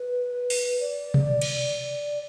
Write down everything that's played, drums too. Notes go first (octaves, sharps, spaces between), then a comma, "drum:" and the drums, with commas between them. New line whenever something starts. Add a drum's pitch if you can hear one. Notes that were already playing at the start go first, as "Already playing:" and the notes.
Already playing: B4
drum: open hi-hat
D5
drum: tom B2
drum: cymbal